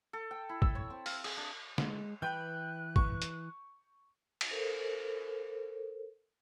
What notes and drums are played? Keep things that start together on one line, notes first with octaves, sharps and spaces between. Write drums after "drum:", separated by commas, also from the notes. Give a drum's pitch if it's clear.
A4
G5
E4
E6, drum: kick
C#5
C4
F5, drum: open hi-hat
G#4, drum: cymbal
D4
G#3, drum: snare D3
E3 B4 G5 B5 F#6 G6
C#6, drum: kick
drum: hi-hat
drum: cymbal
A4 A#4 C5